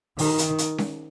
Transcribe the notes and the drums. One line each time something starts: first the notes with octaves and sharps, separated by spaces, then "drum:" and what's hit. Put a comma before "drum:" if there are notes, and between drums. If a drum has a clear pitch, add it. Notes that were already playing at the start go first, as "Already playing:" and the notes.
D#3, drum: open hi-hat
drum: hi-hat
drum: hi-hat
drum: snare C#4